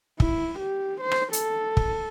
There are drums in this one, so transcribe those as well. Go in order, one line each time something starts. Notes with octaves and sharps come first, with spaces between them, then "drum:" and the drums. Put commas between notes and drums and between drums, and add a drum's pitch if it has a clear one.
E4, drum: kick
G4
C5
drum: rim click
A4, drum: hi-hat
drum: kick